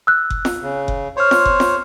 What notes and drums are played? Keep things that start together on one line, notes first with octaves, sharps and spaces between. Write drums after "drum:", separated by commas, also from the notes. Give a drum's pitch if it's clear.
E6 F#6
drum: kick F#1
drum: snare F4
C#3
drum: kick F#1
C5 C#5 C6 F6
drum: snare F4
drum: kick F#1
drum: snare F4